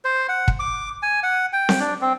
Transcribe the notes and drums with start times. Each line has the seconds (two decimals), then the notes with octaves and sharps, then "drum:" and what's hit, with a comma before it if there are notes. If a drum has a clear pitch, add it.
0.05 C5
0.29 F#5
0.48 drum: kick
0.59 D6
1.03 G#5
1.23 F#5
1.53 G5
1.69 drum: snare C4
1.80 D4
2.02 C4